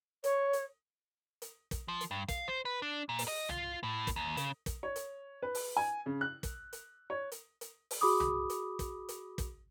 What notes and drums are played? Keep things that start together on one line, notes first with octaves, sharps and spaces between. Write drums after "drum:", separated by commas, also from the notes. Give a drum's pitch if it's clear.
C#5, drum: hi-hat
drum: hi-hat
drum: hi-hat
drum: kick, hi-hat
F3
drum: hi-hat
G2
F5, drum: kick, hi-hat
C5
B4
D4
A#2
drum: open hi-hat
D#5
F4, drum: tom C2
A2
drum: kick, hi-hat
D#2
C#3, drum: hi-hat
drum: kick, hi-hat
C#5
drum: hi-hat
B4
drum: open hi-hat
G#5
C#3
F#6
drum: kick, hi-hat
drum: hi-hat
C#5
drum: hi-hat
drum: hi-hat
drum: open hi-hat
F#4 G#4 B5 D6 D#6
drum: tom C2
drum: hi-hat
drum: kick, hi-hat
drum: hi-hat
drum: kick, hi-hat